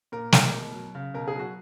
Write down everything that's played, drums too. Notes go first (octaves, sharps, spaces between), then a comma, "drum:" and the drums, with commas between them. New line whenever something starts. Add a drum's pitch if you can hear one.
A#2 A#4
G#3, drum: snare
B2
F#3
C#3
B2 A#4
G#4
F#3 F#4